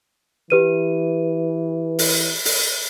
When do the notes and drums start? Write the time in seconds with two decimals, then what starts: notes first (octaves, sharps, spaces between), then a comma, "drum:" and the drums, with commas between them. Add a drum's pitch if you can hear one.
0.50 E3 G4 B4 D#7
1.99 drum: open hi-hat
2.45 drum: open hi-hat